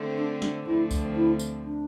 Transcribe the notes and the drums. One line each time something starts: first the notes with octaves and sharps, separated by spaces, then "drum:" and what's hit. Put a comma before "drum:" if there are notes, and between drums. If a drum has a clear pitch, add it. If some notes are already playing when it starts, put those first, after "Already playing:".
Already playing: D3 A3 C4
D4
D4, drum: snare
D2 D3 F3 A3 C4 E4
drum: kick C2, tambourine
E4
drum: tambourine
D4